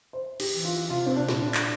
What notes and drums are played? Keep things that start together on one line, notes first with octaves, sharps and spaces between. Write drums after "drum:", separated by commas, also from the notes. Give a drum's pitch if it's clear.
C5
G4, drum: cymbal
E3
F4
C3 F4
C4
D4
A#2, drum: snare
D4
drum: clap